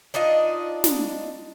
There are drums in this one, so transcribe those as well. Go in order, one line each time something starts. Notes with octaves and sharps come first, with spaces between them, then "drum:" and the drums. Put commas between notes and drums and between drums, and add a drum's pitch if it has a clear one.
D4 D#4 F4 D#5
drum: snare